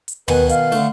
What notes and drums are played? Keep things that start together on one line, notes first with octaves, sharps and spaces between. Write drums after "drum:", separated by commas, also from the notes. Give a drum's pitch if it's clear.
drum: hi-hat
B2 D#3 B4 G#5, drum: tom
F5, drum: hi-hat
D3 A3, drum: snare